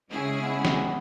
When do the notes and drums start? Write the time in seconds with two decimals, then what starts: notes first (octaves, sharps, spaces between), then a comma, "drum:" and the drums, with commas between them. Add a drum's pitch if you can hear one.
0.10 C#3 G#3 C#4 E4 G#4
0.42 B3
0.65 drum: snare